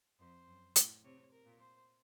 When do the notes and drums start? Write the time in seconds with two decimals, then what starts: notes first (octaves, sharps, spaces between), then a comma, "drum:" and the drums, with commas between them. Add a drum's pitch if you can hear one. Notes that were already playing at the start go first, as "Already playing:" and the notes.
0.19 F2 C5
0.47 F#2
0.76 A2, drum: hi-hat
1.04 C3 C#5
1.31 A#4
1.46 A#2
1.60 C5